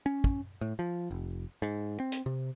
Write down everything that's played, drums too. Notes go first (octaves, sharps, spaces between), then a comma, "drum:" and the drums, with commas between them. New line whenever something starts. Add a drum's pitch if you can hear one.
C#4
drum: kick
A2
F3
F1
G#2
C4
drum: hi-hat
C3